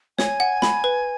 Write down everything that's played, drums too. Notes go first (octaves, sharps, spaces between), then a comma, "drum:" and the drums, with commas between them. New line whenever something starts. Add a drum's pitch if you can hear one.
C#5 G#5, drum: snare
F#5
B5, drum: snare
B4